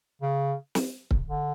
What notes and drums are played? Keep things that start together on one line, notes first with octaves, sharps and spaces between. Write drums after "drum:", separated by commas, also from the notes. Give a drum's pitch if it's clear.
C#3
drum: snare
drum: kick C#1
D3